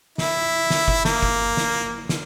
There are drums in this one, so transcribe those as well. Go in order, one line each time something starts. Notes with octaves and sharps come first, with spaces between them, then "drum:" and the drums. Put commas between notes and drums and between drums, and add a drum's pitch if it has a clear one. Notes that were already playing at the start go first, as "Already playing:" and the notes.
E4, drum: snare
drum: snare
drum: kick F#1
A#3, drum: snare
drum: kick F#1
drum: snare
drum: snare